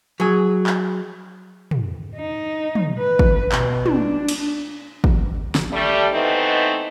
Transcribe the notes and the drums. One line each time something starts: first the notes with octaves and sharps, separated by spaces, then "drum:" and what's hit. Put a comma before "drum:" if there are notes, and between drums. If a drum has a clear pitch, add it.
F#3 G#4
drum: clap
drum: tom
D#4
drum: tom
B4
drum: kick
B2, drum: clap
D4, drum: tom
drum: cymbal
drum: kick
drum: snare
G3 A3
E3 A3 B3 C4 D#4